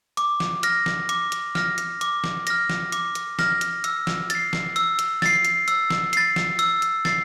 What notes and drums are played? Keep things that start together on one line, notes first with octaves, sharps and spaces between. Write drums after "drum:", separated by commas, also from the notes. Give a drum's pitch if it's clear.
D6, drum: hi-hat
drum: snare
F6 A#6, drum: hi-hat
drum: snare
D6, drum: hi-hat
drum: hi-hat
F6 A#6, drum: snare
drum: hi-hat
D6, drum: hi-hat
drum: snare
F6 A#6, drum: hi-hat
drum: snare
D6, drum: hi-hat
drum: hi-hat
F6 A#6, drum: snare
drum: hi-hat
E6, drum: hi-hat
drum: snare
A6, drum: hi-hat
C7
drum: snare
E6, drum: hi-hat
drum: hi-hat
A6 C7, drum: snare
drum: hi-hat
E6, drum: hi-hat
drum: snare
A6 C7, drum: hi-hat
drum: snare
E6, drum: hi-hat
drum: hi-hat
A6 C7, drum: snare